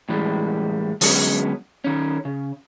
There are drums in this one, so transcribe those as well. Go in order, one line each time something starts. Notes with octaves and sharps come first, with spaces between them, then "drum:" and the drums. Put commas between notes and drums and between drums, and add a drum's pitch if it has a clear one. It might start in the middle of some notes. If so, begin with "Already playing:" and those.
A2 E3 G3 G#3
D3 F#3 G#3 B3 C#4, drum: open hi-hat
D#3 C#4
C#3